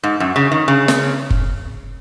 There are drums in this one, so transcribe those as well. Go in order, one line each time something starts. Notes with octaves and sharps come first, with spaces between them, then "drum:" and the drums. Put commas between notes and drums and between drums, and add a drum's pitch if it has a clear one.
G#2
F#2
C#3
D#3
C#3
drum: snare
drum: kick F#1